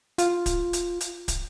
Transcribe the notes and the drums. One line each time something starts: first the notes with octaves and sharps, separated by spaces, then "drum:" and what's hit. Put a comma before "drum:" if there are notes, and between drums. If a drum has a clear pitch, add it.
F4, drum: hi-hat
drum: kick, hi-hat
drum: hi-hat
drum: hi-hat
drum: kick, hi-hat